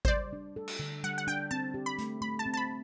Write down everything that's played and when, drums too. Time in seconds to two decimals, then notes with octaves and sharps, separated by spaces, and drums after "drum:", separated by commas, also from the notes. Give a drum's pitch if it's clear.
0.05 C5, drum: kick G#1
0.08 G3 D5
0.33 D4
0.56 A4
0.68 drum: cymbal
0.79 D3
1.03 G3 F#5
1.18 F#5
1.27 D4 G5
1.51 C4 A5
1.74 G4
1.86 B5
1.98 A3, drum: hi-hat
2.21 A3 B5
2.39 A5
2.46 C4
2.54 A5
2.57 B5